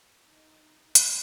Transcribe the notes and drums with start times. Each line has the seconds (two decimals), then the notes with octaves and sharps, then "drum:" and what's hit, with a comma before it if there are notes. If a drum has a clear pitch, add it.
0.24 D#4
0.95 drum: hi-hat